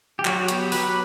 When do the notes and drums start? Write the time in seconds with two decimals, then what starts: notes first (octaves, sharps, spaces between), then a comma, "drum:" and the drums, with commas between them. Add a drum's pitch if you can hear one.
0.19 G4
0.25 F#3 F#4, drum: clap
0.38 F#4
0.48 B3 G4, drum: hi-hat
0.72 F#3 B4, drum: open hi-hat